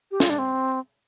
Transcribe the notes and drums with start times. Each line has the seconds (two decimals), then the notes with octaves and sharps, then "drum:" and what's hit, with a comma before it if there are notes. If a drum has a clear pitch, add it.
0.11 G4
0.20 F4, drum: snare
0.30 D4
0.39 C4